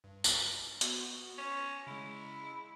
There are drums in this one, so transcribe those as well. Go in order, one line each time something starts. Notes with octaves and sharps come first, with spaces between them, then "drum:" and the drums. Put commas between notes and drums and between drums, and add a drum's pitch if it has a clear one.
G2
drum: tambourine
B3 F#4, drum: hi-hat
C#4 C#7
C#3 G#3 E4